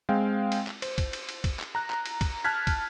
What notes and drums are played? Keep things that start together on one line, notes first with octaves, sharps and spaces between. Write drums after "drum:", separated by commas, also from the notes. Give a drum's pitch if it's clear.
G#3 C4 F5 G5
drum: cymbal
drum: clap
C5, drum: cymbal
drum: kick, cymbal
drum: cymbal
drum: cymbal
drum: kick, cymbal
drum: clap
A#5 F#6
drum: clap
drum: cymbal
drum: kick, cymbal
A5 F6 F#6 G#6 B6
drum: kick, cymbal